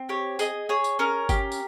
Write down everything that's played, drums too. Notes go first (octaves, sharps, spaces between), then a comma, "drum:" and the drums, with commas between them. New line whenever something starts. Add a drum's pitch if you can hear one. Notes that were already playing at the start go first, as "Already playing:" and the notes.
Already playing: C4
G4 C#5
G#4 D#5, drum: tambourine
G#4 C#5
drum: tambourine
C#4 A#4
G4, drum: kick G1, tambourine
drum: tambourine